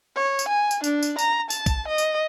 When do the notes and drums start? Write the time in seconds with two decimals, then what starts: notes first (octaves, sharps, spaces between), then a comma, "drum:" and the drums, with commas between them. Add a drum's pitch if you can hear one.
0.16 C#5
0.39 drum: tambourine
0.49 G#5
0.71 drum: tambourine
0.84 D4, drum: tambourine
1.03 drum: tambourine
1.19 A#5, drum: tambourine
1.50 A5, drum: tambourine
1.66 drum: kick, tambourine
1.88 D#5
1.98 drum: tambourine